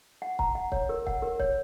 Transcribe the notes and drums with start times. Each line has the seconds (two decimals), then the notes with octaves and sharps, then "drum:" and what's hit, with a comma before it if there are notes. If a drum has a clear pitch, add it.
0.22 F#5
0.39 A#5, drum: kick
0.55 F#5
0.72 C#5, drum: kick
0.89 A#4
1.07 F#5, drum: kick
1.22 A#4
1.40 C#5, drum: kick